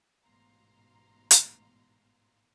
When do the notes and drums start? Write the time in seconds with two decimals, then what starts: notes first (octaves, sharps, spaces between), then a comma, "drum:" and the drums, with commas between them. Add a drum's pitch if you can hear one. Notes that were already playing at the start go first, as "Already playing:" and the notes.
0.23 A1 G#2 B2 F5 A#5 C6
1.31 drum: hi-hat